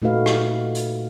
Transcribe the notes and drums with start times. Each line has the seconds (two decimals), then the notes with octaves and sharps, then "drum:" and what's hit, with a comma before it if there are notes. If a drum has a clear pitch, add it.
0.02 A#2 A3 D#4 F#4 B4 F5
0.26 drum: rim click
0.75 drum: hi-hat